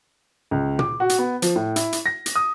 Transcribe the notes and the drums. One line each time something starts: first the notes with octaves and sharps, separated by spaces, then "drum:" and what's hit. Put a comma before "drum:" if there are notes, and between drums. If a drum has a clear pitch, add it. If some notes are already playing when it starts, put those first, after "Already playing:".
C#2
D6, drum: tom A#2
F#4
drum: hi-hat
B3
F3, drum: hi-hat
A2
E4, drum: hi-hat
drum: hi-hat
A#6
drum: hi-hat
D#6